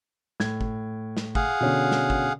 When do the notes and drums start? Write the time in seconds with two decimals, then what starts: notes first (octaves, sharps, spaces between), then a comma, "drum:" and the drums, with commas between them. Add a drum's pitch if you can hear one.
0.40 A2 G#6, drum: snare
0.61 drum: kick
1.17 drum: snare
1.35 G#4 F5 F#5, drum: kick
1.61 B2 D3 C#4
1.91 drum: snare
2.10 drum: kick